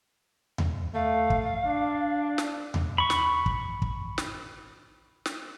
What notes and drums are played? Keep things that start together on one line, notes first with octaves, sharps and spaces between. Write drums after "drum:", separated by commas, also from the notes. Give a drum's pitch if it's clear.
drum: tom D#2
A3 F5
drum: kick
D4
drum: snare
drum: tom D#2
B5 C#6
drum: snare
drum: kick
drum: kick
drum: snare
drum: snare